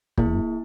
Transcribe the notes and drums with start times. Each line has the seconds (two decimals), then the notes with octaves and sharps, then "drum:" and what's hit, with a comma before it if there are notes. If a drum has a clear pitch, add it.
0.18 A#2 A#3 E4 G#4, drum: kick
0.26 E2
0.35 F#2